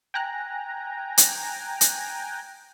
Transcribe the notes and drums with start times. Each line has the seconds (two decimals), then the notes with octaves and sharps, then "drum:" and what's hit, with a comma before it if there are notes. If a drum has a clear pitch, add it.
0.14 G5 G#5 A#5 F#6 A#6
1.18 drum: hi-hat
1.81 drum: hi-hat